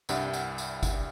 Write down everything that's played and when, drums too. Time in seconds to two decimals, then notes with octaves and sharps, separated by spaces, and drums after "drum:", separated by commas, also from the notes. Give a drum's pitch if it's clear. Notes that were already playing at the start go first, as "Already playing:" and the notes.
0.09 C2 G2 G3 E5 F#5, drum: tambourine
0.33 drum: tambourine
0.58 drum: tambourine
0.83 drum: kick G1, tambourine